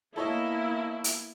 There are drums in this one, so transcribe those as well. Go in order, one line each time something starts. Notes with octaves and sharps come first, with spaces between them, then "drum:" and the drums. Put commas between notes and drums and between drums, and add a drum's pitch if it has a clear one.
A#3 B3 E4 A4 C#5 D#5
drum: hi-hat